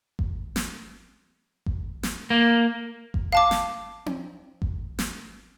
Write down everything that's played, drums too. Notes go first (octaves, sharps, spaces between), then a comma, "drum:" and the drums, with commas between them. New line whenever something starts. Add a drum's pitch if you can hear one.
drum: kick G#1
drum: snare
drum: kick G#1
drum: snare
A#3
drum: kick G#1
F5 A5 D6
drum: snare
drum: tom C4
drum: kick G#1
drum: snare